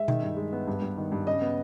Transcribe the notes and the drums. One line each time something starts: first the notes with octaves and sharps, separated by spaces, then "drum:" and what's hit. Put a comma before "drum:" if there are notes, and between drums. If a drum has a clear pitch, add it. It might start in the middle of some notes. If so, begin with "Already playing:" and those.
Already playing: G#3 E5
D#3, drum: tom B2
G2
G#3
B3
G2
G2
D#3
G2
C#3 D#5
B3